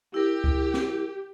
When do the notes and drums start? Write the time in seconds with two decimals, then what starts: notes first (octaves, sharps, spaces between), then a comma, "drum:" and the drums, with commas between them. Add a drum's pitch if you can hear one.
0.14 E4 G4 A#4
0.44 drum: kick C#2
0.74 drum: snare